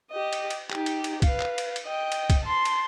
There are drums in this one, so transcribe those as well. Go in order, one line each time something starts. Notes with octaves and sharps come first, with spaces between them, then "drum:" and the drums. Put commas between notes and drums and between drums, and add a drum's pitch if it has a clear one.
G4 D#5
drum: cymbal
drum: cymbal
D#4 G4, drum: clap
drum: cymbal
drum: cymbal
B4 F5, drum: kick, cymbal
drum: clap
drum: cymbal
drum: cymbal
D#5 G5
drum: cymbal
drum: kick, cymbal
A5 C6
drum: cymbal